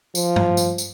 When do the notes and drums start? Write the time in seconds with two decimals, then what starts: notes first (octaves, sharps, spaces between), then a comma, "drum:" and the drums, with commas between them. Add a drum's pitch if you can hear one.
0.15 F3, drum: tambourine
0.36 drum: tom G2
0.57 drum: tambourine
0.78 drum: tambourine